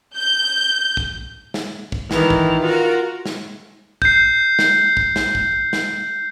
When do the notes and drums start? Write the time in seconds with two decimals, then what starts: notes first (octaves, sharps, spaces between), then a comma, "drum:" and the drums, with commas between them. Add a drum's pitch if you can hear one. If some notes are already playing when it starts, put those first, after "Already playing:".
0.15 G6
0.97 drum: kick
1.54 drum: snare
1.92 drum: kick
2.11 D#3 E3, drum: snare
2.30 drum: kick
2.63 F4 F#4 A#4
3.26 drum: snare
4.02 G6 C7, drum: kick
4.59 drum: snare
4.97 drum: kick
5.16 drum: snare
5.35 drum: kick
5.73 drum: snare